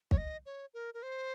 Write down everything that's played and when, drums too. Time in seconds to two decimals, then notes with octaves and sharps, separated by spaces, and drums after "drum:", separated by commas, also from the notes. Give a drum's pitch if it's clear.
0.11 C#5, drum: kick
0.18 D#5
0.46 C#5
0.74 A#4
0.94 A#4
1.03 C5